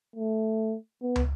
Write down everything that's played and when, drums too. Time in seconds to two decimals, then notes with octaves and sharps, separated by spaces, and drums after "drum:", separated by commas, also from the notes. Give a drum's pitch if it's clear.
0.16 A3
1.02 B3
1.16 drum: tom